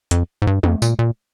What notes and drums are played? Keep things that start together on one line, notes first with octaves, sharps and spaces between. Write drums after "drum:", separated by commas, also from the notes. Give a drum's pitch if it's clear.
F2, drum: hi-hat
G#2
G2
F2, drum: tom
A#2, drum: tambourine
A#2